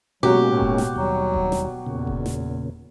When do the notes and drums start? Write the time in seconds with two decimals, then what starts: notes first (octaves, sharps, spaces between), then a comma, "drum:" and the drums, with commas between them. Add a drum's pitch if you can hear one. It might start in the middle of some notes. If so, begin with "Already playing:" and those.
0.23 B2 F#3 G#3 A#3 C#4 F#4 G4
0.48 A2
0.60 drum: kick E1
0.78 drum: snare
0.96 D#2 F#3 G3
1.34 drum: kick E1
1.52 drum: snare
1.86 E2 A#2 C#3
2.07 drum: kick E1
2.26 drum: snare